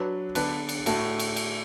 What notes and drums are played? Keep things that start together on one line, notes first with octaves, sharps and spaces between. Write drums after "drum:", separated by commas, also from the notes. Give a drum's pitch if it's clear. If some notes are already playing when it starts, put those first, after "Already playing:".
Already playing: F#3 D4 B4
D3 B3 D4 B4, drum: cymbal
drum: cymbal
A2 A3 F#4 A4, drum: cymbal
drum: cymbal
drum: cymbal